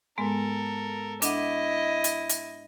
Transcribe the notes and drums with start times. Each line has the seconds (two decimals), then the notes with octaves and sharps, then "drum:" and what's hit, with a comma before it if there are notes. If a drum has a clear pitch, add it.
0.18 G#2 G#3 B3 A4 A#4
1.22 D4 E4 D#5 F#5, drum: hi-hat
2.04 drum: hi-hat
2.29 drum: hi-hat